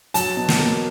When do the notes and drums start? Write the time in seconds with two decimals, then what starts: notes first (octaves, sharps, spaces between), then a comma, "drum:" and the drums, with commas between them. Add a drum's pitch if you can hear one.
0.14 F#3 A5, drum: hi-hat
0.37 B2
0.48 drum: snare
0.59 A#3